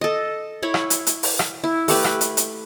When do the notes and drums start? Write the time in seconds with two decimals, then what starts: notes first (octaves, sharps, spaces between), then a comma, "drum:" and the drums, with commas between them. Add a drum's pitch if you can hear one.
0.01 A4 D#5
0.63 E4 C#5 B5
0.74 drum: rim click
0.90 drum: hi-hat
1.07 drum: hi-hat
1.23 drum: open hi-hat
1.39 drum: rim click
1.64 E4
1.88 A3 G4 B4, drum: open hi-hat
2.04 drum: rim click
2.21 drum: hi-hat
2.37 drum: hi-hat